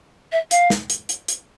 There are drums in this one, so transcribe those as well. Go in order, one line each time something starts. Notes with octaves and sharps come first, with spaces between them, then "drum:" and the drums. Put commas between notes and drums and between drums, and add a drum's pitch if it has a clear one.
E5
F5, drum: hi-hat
drum: snare
drum: hi-hat
drum: hi-hat
drum: hi-hat